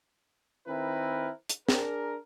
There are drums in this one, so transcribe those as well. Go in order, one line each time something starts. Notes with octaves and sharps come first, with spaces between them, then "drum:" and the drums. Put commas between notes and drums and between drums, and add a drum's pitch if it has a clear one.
D#3 C4 E4 A#4 B4
drum: hi-hat
D4 G#4 A#4, drum: snare